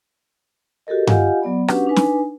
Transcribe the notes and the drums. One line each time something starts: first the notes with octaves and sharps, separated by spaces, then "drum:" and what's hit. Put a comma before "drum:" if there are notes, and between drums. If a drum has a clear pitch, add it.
F#4 G4 A4 A#4 D#5
F4 G4 D#5 F5 F#5 G#5, drum: tom G2
F#3 B3 D5 B5
C#4 D4 F#4 G4 B4 F#5, drum: rim click
D4 D#4 B4 G#5
drum: snare